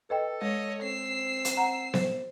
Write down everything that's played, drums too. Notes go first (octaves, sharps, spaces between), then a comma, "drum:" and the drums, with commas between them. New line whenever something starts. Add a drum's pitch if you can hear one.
A4 B4 D#5 G5
G#3 C#5 D#5
C4 E6 C7
drum: hi-hat
F#5 A#5
C5, drum: snare B3